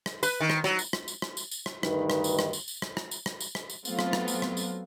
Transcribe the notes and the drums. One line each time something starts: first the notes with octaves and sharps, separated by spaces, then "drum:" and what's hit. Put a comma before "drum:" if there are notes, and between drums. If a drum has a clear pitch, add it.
drum: rim click
B4, drum: tambourine
D#3
drum: rim click
F#3, drum: rim click
drum: tambourine
drum: rim click
drum: tambourine
drum: rim click
drum: tambourine
drum: tambourine
drum: rim click
D2 G2 D#3 D#4 B4, drum: rim click
drum: rim click
drum: tambourine
drum: rim click
drum: tambourine
drum: tambourine
drum: rim click
drum: rim click
drum: tambourine
drum: rim click
drum: tambourine
drum: rim click
drum: tambourine
F#3 A3 B3 C4 F4, drum: tambourine
drum: rim click
drum: rim click
drum: tambourine
drum: rim click
drum: tambourine